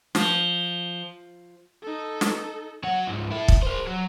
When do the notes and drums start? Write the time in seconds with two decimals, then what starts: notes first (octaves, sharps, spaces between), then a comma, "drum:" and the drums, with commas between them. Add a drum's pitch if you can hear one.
0.15 F3, drum: snare
1.83 D#4 A4
2.21 drum: snare
2.84 F#3 F#5
3.07 C#2 G#2
3.31 E4 A4
3.48 drum: kick
3.62 A#4 C5
3.87 F#3